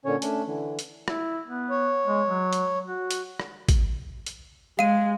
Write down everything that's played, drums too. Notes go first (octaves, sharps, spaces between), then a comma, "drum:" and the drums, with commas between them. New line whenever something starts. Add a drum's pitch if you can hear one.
A#2 D3 C#4 C#5
A3 C#4 D4, drum: hi-hat
D3 E3
drum: hi-hat
E4, drum: rim click
B3
C#5
G#3
F#3
drum: hi-hat
F#4
drum: hi-hat
drum: rim click
drum: kick, hi-hat
drum: hi-hat
G#3 F5 D#7